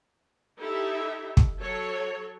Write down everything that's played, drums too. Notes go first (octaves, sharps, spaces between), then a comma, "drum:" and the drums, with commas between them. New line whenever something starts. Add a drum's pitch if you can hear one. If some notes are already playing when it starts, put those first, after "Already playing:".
D#4 E4 G4 A4 E5
drum: kick
F#3 A4 C#5